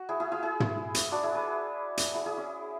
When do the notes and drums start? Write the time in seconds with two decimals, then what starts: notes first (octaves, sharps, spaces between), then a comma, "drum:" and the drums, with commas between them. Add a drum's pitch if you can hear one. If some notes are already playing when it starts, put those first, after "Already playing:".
Already playing: F#4
0.09 E4 G#4
0.20 E4 G#4
0.32 E4 G#4
0.43 E4 G#4
0.60 drum: tom
0.95 drum: hi-hat
1.12 D4 F#4
1.23 E4 G#4
1.34 G#4 B4
1.97 drum: hi-hat
2.14 E4 G#4
2.26 E4 G#4
2.37 C#4